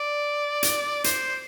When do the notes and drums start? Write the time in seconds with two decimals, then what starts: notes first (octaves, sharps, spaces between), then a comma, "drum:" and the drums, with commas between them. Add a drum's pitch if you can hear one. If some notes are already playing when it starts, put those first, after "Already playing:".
Already playing: D5
0.63 drum: hi-hat
1.04 C5, drum: hi-hat